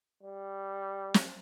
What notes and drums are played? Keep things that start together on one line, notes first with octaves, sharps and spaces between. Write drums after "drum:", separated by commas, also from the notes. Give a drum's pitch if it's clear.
G3
drum: snare